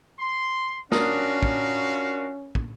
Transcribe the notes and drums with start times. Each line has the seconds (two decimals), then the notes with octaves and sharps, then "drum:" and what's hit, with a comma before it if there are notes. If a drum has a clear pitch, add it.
0.19 C6
0.92 C#4 D4 F4 F#4 A#4 F5 D#6, drum: snare
1.43 drum: kick
2.55 drum: kick